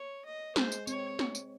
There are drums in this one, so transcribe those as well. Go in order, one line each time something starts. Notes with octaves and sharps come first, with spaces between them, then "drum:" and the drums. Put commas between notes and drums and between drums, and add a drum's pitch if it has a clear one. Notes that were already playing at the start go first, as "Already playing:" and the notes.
Already playing: C#5
D#5
G#3 C5, drum: snare
drum: tambourine
C4 C#5, drum: tambourine
drum: snare
drum: tambourine